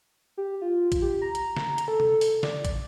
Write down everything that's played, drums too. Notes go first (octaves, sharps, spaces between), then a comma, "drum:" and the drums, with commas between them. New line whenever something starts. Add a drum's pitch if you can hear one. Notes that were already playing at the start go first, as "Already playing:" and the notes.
G4
F4
drum: kick, hi-hat
G4
A#5
drum: hi-hat
drum: snare
drum: hi-hat
A4
drum: tom
drum: open hi-hat
D5, drum: snare
drum: kick, hi-hat